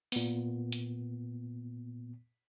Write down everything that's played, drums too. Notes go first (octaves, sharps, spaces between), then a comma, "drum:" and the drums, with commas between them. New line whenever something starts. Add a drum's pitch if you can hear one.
A#2 B3, drum: open hi-hat
drum: hi-hat